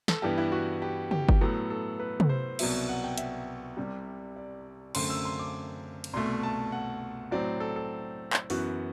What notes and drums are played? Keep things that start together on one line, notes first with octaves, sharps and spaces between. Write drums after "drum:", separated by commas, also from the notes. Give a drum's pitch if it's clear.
A4, drum: snare
G2 E3 B3 G4
E4
F#4
G4
G4, drum: tom C#3
drum: kick G1
A2 F#3 B3 A4
A4
B4
drum: tom
C5
C2 B2 F#3 B3 E5, drum: cymbal
F#5
G5
E5, drum: hi-hat
C2 C3 G3
D5
F#2 D3 A3 C4 C6, drum: cymbal
E6
C6
D6
drum: cymbal
C2 B2 A3 C6
A5
F#5
A2 F#3 C4 D5
A4
A4
drum: clap
F#2 E3 B3 F#4, drum: open hi-hat